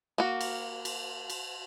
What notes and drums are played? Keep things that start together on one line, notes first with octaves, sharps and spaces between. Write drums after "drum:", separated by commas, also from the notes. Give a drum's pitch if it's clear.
A#3 F#4
drum: cymbal
drum: cymbal
drum: cymbal